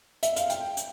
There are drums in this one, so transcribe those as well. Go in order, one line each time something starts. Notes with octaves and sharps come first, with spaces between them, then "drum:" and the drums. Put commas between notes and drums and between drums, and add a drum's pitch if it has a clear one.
E5, drum: hi-hat
F5, drum: hi-hat
G5, drum: hi-hat
drum: hi-hat